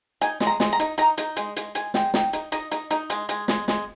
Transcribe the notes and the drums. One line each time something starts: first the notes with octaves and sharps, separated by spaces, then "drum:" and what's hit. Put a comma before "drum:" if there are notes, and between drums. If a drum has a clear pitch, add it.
D#4 G#5, drum: hi-hat
G#3, drum: snare
A#5
G#3, drum: snare
A#5
D#4, drum: hi-hat
D#4 A#5, drum: hi-hat
D#4, drum: hi-hat
G#3, drum: hi-hat
G#3, drum: hi-hat
G#3 G#5, drum: hi-hat
G#3 G5, drum: snare
D#4 G5, drum: snare
D#4, drum: hi-hat
D#4 D#5, drum: hi-hat
D#4, drum: hi-hat
D#4, drum: hi-hat
G#3, drum: hi-hat
G#3, drum: hi-hat
G#3, drum: snare
G#3, drum: snare